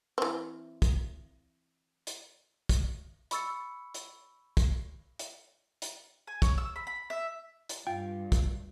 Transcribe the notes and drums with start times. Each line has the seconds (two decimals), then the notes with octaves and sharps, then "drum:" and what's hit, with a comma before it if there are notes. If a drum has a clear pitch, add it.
0.18 E3 C4
0.82 drum: kick, hi-hat
2.07 drum: hi-hat
2.69 drum: kick, hi-hat
3.31 B5 C#6 E6 A6 C#7, drum: hi-hat
3.94 drum: hi-hat
4.57 drum: kick, hi-hat
5.19 drum: hi-hat
5.82 drum: hi-hat
6.27 G#5
6.42 C#5, drum: kick, hi-hat
6.58 E6
6.76 B5
6.87 B5
7.10 E5
7.69 drum: hi-hat
7.87 G2 F4 G5
8.32 drum: kick, hi-hat